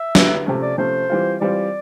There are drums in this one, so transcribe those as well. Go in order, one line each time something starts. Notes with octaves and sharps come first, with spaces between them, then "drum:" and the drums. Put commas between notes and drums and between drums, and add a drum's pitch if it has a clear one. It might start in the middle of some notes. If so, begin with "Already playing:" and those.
Already playing: E5
D3 F#3 B3 E4 G4, drum: snare
C3 F3 A3 C#4
D5
C3 F3 A3 C#4 C5
E3 G3 C4 F4
E3 G3 C4 F4 D5